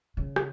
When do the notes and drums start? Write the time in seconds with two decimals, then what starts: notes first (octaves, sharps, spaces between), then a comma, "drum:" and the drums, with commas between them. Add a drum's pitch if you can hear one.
0.17 C#3
0.36 drum: rim click